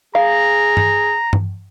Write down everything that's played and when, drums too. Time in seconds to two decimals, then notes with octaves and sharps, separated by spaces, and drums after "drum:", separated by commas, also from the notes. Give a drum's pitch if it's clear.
0.15 G#4 F5 A#5
0.77 drum: tom G2
1.33 drum: tom G2